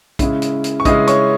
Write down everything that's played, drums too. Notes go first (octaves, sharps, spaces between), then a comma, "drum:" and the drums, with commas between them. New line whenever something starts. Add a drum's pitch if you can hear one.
C#3 G#3 C#4 E4, drum: kick, hi-hat
drum: hi-hat
drum: hi-hat
C#6
C#3 G#3 C#4 E4 D#5 D#6, drum: kick, hi-hat
C#5 C#6, drum: hi-hat